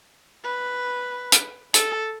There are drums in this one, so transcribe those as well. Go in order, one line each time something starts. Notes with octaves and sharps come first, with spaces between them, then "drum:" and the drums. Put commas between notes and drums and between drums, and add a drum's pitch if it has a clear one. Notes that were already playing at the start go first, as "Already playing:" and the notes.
B4
drum: hi-hat
A4, drum: hi-hat